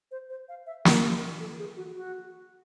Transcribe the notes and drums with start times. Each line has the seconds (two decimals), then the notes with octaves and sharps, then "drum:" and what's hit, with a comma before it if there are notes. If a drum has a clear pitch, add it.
0.11 C5
0.30 C5
0.49 F5
0.66 E5
0.85 A#4, drum: snare
1.40 A4
1.59 G#4
1.77 F#4
1.95 F#4